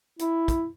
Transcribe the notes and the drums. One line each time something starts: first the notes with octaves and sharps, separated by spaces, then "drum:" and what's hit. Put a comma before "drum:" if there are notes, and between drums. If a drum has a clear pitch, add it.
E4, drum: hi-hat
drum: kick, hi-hat